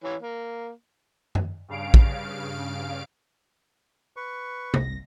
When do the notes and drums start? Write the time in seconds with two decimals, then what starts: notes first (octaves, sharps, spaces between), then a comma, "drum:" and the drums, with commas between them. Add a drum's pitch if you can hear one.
0.04 E3 C#5
0.22 A#3
1.35 drum: tom F#2
1.68 G2 C#3 F5 D7
1.94 drum: kick
4.17 B4 C#6
4.74 G1 C2 A#6, drum: tom